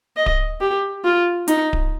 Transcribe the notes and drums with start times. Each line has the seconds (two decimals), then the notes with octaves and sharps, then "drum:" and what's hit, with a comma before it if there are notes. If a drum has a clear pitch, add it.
0.17 D#5
0.26 drum: kick D1
0.61 G4
1.04 F4
1.48 D#4, drum: hi-hat
1.73 drum: kick D1